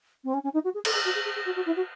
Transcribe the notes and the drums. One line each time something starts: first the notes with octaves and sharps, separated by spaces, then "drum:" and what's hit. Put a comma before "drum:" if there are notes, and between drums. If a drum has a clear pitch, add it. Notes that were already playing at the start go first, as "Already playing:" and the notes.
C4
C#4
C#4
D#4
F#4
G#4
A4, drum: cymbal
G#4
F#4
G#4
G#4
G#4
F#4
F#4
E4
F#4